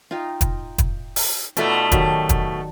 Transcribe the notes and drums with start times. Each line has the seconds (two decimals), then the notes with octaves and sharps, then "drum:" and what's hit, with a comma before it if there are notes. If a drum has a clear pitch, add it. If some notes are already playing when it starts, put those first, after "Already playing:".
0.11 D#4 F4 G5
0.41 drum: kick, hi-hat
0.78 drum: kick, hi-hat
1.16 drum: open hi-hat
1.57 B2 A3 D#4 F4 D5 A5 B5, drum: hi-hat
1.92 D#3 F#3 G4 E5 A5, drum: kick, hi-hat
2.29 drum: kick, hi-hat